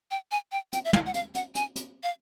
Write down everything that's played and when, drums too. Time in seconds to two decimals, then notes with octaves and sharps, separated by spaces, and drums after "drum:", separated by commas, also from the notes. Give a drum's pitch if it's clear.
0.11 G5
0.31 G#5
0.52 G5
0.73 G5, drum: hi-hat
0.85 E5
0.93 F5, drum: tom
1.06 F#5
1.14 F5, drum: hi-hat
1.35 F#5, drum: hi-hat
1.55 G#5, drum: hi-hat
1.76 drum: hi-hat
2.03 F5